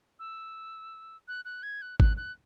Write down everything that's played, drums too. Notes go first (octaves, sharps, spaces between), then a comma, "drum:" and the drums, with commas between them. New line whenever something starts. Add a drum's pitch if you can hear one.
E6
F#6
F#6
G#6
F#6
F#6, drum: kick G#1
F#6